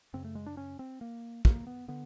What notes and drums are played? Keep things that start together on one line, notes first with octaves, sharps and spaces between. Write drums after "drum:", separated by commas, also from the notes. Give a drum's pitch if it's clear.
F#2 C#3 C4
A3
G#3
D4
C#4
C4
A#3
A#3, drum: kick
B3
D3 B3